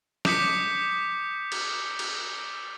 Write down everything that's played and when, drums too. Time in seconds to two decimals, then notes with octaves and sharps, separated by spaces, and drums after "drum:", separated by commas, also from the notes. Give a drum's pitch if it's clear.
0.25 D6 D#6 G6 B6 C#7, drum: snare
1.52 drum: cymbal
1.99 drum: cymbal